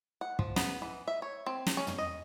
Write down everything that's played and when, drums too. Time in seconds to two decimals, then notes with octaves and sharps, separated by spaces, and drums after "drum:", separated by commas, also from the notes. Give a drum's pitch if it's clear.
0.21 F#5
0.39 F3, drum: kick
0.56 B3, drum: snare
0.82 E3
1.08 E5
1.22 C#5
1.46 C4
1.67 drum: snare
1.77 C#4
1.87 drum: tom
1.98 D#5